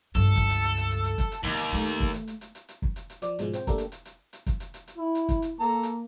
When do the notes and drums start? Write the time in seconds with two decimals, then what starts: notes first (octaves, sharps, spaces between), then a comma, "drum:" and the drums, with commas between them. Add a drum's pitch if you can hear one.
0.15 C#2 G2 A4
0.36 drum: kick, hi-hat
0.50 drum: hi-hat
0.63 drum: hi-hat
0.77 drum: hi-hat
0.91 drum: hi-hat
1.04 drum: hi-hat
1.18 drum: kick, hi-hat
1.32 drum: hi-hat
1.43 D#2 D#3, drum: hi-hat
1.59 drum: hi-hat
1.73 A3, drum: hi-hat
1.86 drum: hi-hat
2.00 drum: kick, hi-hat
2.14 drum: hi-hat
2.27 drum: hi-hat
2.41 drum: hi-hat
2.55 drum: hi-hat
2.69 drum: hi-hat
2.82 drum: kick
2.96 drum: hi-hat
3.10 drum: hi-hat
3.22 F3 D5, drum: hi-hat
3.39 G#2 B2 F3 G#3, drum: hi-hat
3.53 C4 G5, drum: hi-hat
3.67 A3 A#3 D4 G4 A4 A#4, drum: kick, hi-hat
3.78 drum: hi-hat
3.92 drum: hi-hat
4.05 drum: hi-hat
4.33 drum: hi-hat
4.46 drum: kick, hi-hat
4.60 drum: hi-hat
4.74 drum: hi-hat
4.88 drum: hi-hat
4.97 E4
5.15 drum: hi-hat
5.29 drum: kick, hi-hat
5.42 drum: hi-hat
5.60 A#3 A4 A#5
5.83 drum: hi-hat